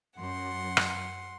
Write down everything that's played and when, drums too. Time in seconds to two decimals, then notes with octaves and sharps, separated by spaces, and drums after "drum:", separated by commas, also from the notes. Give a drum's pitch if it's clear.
0.19 F#2 F#5 C6
0.77 drum: rim click